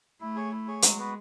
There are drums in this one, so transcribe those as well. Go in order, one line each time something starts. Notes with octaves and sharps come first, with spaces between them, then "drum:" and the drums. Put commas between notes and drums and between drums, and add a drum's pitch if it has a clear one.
A3 E4
G#4 C#5
E4
G#4 C#5
F#3 G#3, drum: hi-hat
B3 F#4 B4